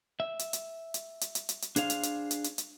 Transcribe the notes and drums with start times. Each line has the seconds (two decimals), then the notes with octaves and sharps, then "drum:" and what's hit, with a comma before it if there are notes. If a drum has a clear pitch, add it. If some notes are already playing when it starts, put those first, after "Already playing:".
0.20 E5
0.39 drum: hi-hat
0.53 drum: hi-hat
0.94 drum: hi-hat
1.21 drum: hi-hat
1.35 drum: hi-hat
1.49 drum: hi-hat
1.62 drum: hi-hat
1.76 D4 G#4 C5 F5, drum: hi-hat
1.90 drum: hi-hat
2.03 drum: hi-hat
2.31 drum: hi-hat
2.44 drum: hi-hat
2.58 drum: hi-hat